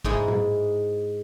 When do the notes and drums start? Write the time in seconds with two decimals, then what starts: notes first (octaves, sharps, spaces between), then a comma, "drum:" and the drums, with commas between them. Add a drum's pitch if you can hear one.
0.05 G#2 G#3 D#4 E4, drum: kick
0.28 drum: tom A2